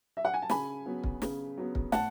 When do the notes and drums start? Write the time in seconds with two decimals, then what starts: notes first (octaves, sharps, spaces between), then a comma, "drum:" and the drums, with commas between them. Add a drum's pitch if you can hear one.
0.17 E5
0.25 F#5
0.34 G#5
0.42 A5
0.50 C#3 G#5 B5, drum: snare
0.86 F#3 B3
1.04 drum: kick
1.22 C#3, drum: snare
1.58 F#3 B3
1.75 drum: kick
1.92 A2 F#5 A5, drum: snare